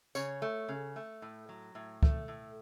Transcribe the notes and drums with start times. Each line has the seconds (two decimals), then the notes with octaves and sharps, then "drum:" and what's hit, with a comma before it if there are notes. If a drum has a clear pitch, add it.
0.15 C#3 C#5, drum: tambourine
0.42 A3
0.69 C#3
0.96 A3
1.22 A2
1.49 F#3
1.75 A2
2.03 A3, drum: kick C#2
2.28 A2